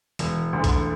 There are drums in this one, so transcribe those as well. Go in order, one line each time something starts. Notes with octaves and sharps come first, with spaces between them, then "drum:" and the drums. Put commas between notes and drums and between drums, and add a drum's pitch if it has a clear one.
E1, drum: hi-hat
D2 D3
drum: kick B1, hi-hat